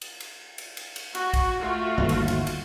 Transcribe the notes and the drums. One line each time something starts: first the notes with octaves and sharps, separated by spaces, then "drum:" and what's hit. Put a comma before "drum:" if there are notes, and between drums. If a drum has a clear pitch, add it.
drum: cymbal
drum: cymbal
drum: cymbal
drum: cymbal
drum: cymbal
F#4, drum: cymbal
drum: kick, cymbal
A3 F4 F#4
G1 D#2
drum: cymbal
drum: cymbal
drum: cymbal